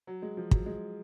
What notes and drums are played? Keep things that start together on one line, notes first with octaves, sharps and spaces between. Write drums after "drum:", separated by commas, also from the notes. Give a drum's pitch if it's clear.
F#3
G#3
F3
F#3, drum: kick
G#3